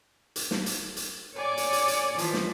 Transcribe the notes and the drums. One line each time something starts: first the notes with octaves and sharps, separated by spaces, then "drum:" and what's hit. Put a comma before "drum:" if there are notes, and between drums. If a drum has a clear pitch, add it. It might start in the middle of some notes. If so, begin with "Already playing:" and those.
drum: hi-hat
drum: snare
drum: hi-hat
drum: hi-hat
C#5 D5 G#5 D6
drum: hi-hat
drum: hi-hat
drum: hi-hat
E3 F3, drum: hi-hat
drum: snare